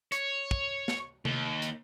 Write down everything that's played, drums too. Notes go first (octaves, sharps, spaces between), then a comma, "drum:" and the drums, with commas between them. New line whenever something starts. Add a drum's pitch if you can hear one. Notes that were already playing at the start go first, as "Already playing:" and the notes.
C#5, drum: hi-hat
drum: kick
drum: snare
D#2, drum: tom C3
drum: hi-hat